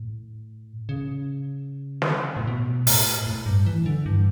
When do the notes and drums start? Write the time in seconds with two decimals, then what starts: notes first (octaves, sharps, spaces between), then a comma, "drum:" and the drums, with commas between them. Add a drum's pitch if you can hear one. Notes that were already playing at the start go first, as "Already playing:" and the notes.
Already playing: A2
0.89 C#3
2.02 drum: snare
2.37 A2
2.47 B2
2.87 A2, drum: open hi-hat
3.27 A2
3.46 G2
3.66 E3
3.86 D3
4.06 G2